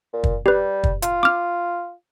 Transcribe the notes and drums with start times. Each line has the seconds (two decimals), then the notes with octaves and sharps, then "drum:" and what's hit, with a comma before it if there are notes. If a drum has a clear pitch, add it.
0.13 A#2
0.24 drum: kick
0.46 G3 G4 B4
0.84 drum: kick
1.02 F4, drum: hi-hat
1.23 D6 F6